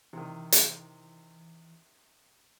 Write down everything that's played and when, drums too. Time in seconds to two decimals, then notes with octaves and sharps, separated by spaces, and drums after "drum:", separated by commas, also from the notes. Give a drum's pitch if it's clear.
0.13 C3 D#3 E3
0.52 drum: hi-hat